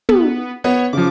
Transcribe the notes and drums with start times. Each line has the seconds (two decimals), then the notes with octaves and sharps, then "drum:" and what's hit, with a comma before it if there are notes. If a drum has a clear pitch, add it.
0.09 B3, drum: tom
0.64 B3 C#5
0.93 C#3 F3 D6